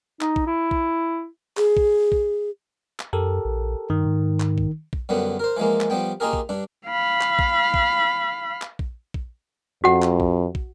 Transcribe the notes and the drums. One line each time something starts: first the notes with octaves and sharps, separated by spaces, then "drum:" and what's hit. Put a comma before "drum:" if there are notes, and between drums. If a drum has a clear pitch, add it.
D#4, drum: clap
drum: kick
E4
drum: kick
G#4, drum: clap
drum: kick
drum: kick
drum: clap
F#2 G4 A4 A#4
A#1
G2 D#3
G#2
drum: clap
drum: kick
drum: kick
F#2 D3 G3 B3
A#4 C5
E3 F3 G#3 A#3
drum: clap
F3 G3 B3 G5
A#3 D#4 F4 G4 G#4 A#4
drum: kick
G2 D4
F5 B5
drum: clap
drum: kick
drum: kick
drum: clap
drum: kick
drum: kick
F2 F#4 F#5
drum: clap
drum: kick
drum: kick